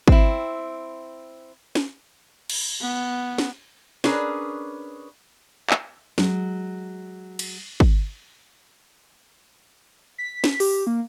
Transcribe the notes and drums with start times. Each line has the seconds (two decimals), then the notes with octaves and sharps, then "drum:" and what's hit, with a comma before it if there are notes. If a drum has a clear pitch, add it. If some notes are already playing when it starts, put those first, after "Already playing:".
0.08 C4 E4, drum: kick
1.75 drum: snare
2.50 drum: cymbal
2.81 B3
3.38 drum: snare
4.04 C#4 D4 G#4 A#4 B4, drum: snare
5.70 drum: clap
6.18 F#3 G#3, drum: snare
7.39 drum: cymbal
7.80 drum: kick
10.18 B6
10.44 drum: snare
10.60 G4, drum: open hi-hat
10.87 A#3